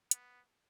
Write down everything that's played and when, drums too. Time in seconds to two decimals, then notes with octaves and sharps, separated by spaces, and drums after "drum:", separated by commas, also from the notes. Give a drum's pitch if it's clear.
0.11 B3, drum: hi-hat